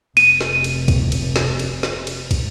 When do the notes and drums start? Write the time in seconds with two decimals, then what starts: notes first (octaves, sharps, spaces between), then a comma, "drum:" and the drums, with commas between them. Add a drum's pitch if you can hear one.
0.17 F1 D#7, drum: cymbal
0.41 drum: snare
0.64 drum: cymbal
0.88 drum: kick, cymbal
1.12 drum: cymbal
1.36 drum: snare
1.59 drum: cymbal
1.83 drum: snare
2.07 drum: cymbal
2.31 drum: kick, cymbal